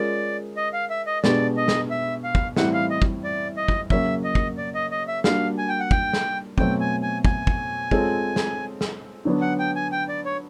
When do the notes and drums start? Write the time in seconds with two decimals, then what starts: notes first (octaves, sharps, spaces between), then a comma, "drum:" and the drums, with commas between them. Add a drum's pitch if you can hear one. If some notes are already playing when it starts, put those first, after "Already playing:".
Already playing: G#3 C#4 F4 A#4 D5
0.57 D#5
0.73 F5
0.90 E5
1.07 D#5
1.24 B2 G#3 B3 D4 G4 D5, drum: snare
1.57 D#5
1.68 drum: snare
1.91 E5
2.24 F5
2.35 drum: kick
2.56 A2 E3 G3 C4 E4 F#5, drum: snare
2.74 F5
2.90 D#5
3.02 drum: kick
3.24 D5
3.57 D#5
3.68 drum: kick
3.90 C#3 F#3 A#3 C#4 E5, drum: kick
4.24 D#5
4.35 drum: kick
4.58 D5
4.74 D#5
4.91 D#5
5.08 E5
5.24 G3 A#3 D4 F#4 F5, drum: snare
5.58 G#5
5.69 G5
5.80 F#5
5.91 G5, drum: kick
6.13 drum: snare
6.58 B2 F#3 A3 C4 G5, drum: kick
6.80 G#5
7.03 G#5
7.25 G#5, drum: kick
7.47 drum: kick
7.91 G#3 C4 F4 A4 C#5, drum: kick
8.36 drum: snare
8.81 drum: snare
9.25 D3 F#3 B3 D4
9.42 F#5
9.59 G5
9.76 G#5
9.92 G5
10.09 D5
10.25 C#5